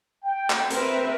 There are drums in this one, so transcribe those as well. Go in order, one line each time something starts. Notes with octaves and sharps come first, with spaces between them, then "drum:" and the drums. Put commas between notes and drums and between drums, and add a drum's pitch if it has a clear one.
G5
drum: clap
C4 A#4 B4 E5, drum: hi-hat